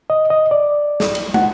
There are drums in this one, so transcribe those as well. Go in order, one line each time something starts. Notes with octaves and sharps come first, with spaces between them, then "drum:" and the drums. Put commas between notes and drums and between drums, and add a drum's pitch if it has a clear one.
D#5
D#5
D5
drum: snare
drum: cymbal
F#5, drum: tom